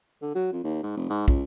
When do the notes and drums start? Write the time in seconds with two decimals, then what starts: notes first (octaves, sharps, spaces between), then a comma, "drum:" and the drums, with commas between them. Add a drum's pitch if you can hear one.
0.22 D3
0.35 F#3
0.52 F2
0.64 D#2
0.83 G#2
0.97 F1
1.10 G#2
1.28 C#2, drum: kick